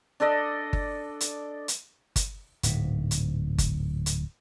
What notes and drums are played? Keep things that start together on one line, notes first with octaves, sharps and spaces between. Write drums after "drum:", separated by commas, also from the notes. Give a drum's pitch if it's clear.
D4 A4 D5 D#5
drum: kick G1
drum: hi-hat
drum: hi-hat
drum: kick G1, hi-hat
D1 G#2, drum: hi-hat
drum: hi-hat
drum: kick G1, hi-hat
drum: hi-hat